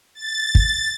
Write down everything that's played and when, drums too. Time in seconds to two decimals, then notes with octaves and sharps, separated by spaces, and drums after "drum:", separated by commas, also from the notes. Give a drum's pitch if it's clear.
0.14 A6
0.55 drum: kick